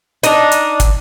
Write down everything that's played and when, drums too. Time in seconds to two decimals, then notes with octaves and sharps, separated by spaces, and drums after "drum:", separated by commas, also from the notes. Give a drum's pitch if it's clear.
0.23 D4 D#4, drum: hi-hat
0.52 drum: hi-hat
0.80 drum: kick, hi-hat